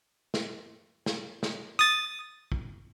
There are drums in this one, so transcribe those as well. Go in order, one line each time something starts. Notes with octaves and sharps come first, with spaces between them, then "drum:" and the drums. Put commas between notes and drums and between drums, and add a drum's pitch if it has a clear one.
drum: snare
drum: snare
drum: snare
D#6 A6
drum: kick